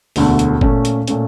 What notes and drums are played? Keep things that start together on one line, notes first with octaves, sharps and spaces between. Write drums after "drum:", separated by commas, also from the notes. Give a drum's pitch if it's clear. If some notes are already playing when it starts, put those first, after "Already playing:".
E1 D2 D3 A3, drum: open hi-hat
drum: hi-hat
A#2 A3 C#4, drum: kick G1
drum: hi-hat
A#2 A3 C#4, drum: hi-hat